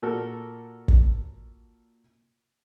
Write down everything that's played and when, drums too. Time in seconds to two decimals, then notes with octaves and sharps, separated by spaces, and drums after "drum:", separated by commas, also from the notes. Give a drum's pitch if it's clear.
0.02 A#2 F#4 A4 A#4
0.88 drum: kick